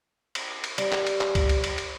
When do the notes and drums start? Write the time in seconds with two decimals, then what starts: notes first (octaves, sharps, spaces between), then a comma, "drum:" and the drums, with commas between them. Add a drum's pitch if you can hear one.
0.35 drum: cymbal
0.64 drum: cymbal
0.78 G3, drum: cymbal
0.92 drum: clap
1.07 drum: cymbal
1.21 drum: clap
1.35 drum: kick C#2, cymbal
1.49 drum: cymbal
1.64 drum: cymbal
1.78 drum: cymbal